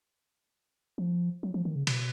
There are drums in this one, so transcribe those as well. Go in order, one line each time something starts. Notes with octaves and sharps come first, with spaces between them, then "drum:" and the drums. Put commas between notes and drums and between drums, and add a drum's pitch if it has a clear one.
F3
F#3
F3
D#3
C#3
B2, drum: cymbal